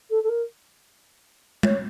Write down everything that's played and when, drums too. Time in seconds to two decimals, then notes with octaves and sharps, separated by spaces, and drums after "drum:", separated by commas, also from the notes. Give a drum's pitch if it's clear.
0.09 A4
0.22 A4
0.28 A#4
1.63 C#5, drum: tom G#3